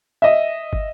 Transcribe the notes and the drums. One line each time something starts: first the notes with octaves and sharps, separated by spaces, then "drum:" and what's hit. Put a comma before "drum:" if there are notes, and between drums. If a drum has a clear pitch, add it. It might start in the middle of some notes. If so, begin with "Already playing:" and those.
D#5 E5
drum: kick